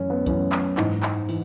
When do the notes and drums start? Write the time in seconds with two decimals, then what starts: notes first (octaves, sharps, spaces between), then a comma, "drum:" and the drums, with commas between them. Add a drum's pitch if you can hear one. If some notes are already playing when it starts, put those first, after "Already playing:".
Already playing: F#2 E3 C#4
0.10 B3
0.26 F#2 E3 C#4, drum: kick C2, hi-hat
0.52 drum: clap
0.78 G#2 E3 D#4, drum: clap
1.03 drum: clap
1.29 E3, drum: open hi-hat